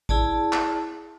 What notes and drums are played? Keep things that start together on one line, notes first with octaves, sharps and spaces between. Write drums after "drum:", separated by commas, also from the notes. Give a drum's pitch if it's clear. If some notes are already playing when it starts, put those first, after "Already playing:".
E4 G#4 D5 A5, drum: kick G#1
drum: clap